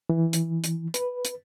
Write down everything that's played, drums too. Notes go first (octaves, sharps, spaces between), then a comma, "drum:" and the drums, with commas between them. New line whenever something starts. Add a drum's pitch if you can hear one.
E3
drum: hi-hat
drum: hi-hat
B4, drum: hi-hat
drum: hi-hat